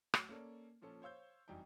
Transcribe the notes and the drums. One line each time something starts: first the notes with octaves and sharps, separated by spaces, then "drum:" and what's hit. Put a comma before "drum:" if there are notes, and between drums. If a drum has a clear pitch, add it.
A2 F#3, drum: rim click
A#3 C#4 A4 D5
A#2 F3 C#4 A4
C5 C#5 F5 E6 G6
F1 F#2 E3 G3 D#4 G5